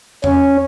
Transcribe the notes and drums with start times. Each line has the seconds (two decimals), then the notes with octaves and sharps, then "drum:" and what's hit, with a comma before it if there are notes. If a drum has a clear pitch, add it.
0.24 C#4, drum: tom E2